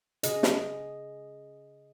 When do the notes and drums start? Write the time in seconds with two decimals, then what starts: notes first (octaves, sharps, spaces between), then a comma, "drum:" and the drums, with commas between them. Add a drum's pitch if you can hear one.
0.23 C#3 G#4 D#5, drum: hi-hat
0.43 drum: snare